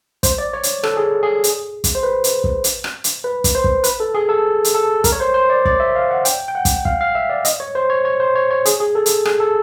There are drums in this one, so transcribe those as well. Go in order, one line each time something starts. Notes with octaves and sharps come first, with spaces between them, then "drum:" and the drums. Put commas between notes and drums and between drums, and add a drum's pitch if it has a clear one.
C5, drum: kick, hi-hat
D5
C#5
drum: hi-hat
A4, drum: rim click
G#4
G#4
drum: hi-hat
drum: kick, hi-hat
C5
B4
drum: hi-hat
drum: kick
drum: hi-hat
drum: rim click
drum: hi-hat
B4
drum: kick, hi-hat
C5
drum: kick
B4, drum: hi-hat
A4
G#4
A4
drum: hi-hat
A4
A#4, drum: kick, hi-hat
C#5
C5
C5
D5
D5, drum: kick
E5
F5
F#5
G5, drum: hi-hat
G5
F#5
drum: kick, hi-hat
F5, drum: kick
F5
E5
D5
D#5, drum: hi-hat
C#5
C5
C#5
C#5
C5
C#5
C#5
G#4, drum: hi-hat
G#4
A4
drum: hi-hat
G#4, drum: rim click
A4